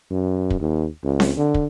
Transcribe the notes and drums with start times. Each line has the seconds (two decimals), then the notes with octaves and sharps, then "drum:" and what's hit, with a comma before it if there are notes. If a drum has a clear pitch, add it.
0.11 F#2
0.50 drum: kick
0.60 D#2
1.04 C#2
1.20 drum: snare C4
1.37 D3
1.54 drum: kick